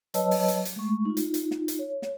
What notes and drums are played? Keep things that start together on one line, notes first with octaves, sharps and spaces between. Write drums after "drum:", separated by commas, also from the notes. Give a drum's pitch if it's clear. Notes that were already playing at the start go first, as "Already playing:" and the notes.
F#3 B4 C#5 D#5 A5 E6, drum: hi-hat
drum: open hi-hat
drum: hi-hat
drum: hi-hat
G#3 A3 C#6
D#4 F4
drum: hi-hat
drum: hi-hat
drum: snare
drum: hi-hat
C#5
drum: snare